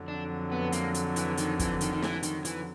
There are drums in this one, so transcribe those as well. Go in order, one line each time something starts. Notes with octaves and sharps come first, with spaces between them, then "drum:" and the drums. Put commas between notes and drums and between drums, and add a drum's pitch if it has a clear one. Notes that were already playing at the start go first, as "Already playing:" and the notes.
Already playing: F2 D3 F#3
D4
B3
A#3, drum: hi-hat
drum: hi-hat
E3, drum: hi-hat
D#3, drum: hi-hat
E3, drum: kick, hi-hat
D#3, drum: hi-hat
D#3
E3, drum: snare
D#3, drum: hi-hat
E3, drum: hi-hat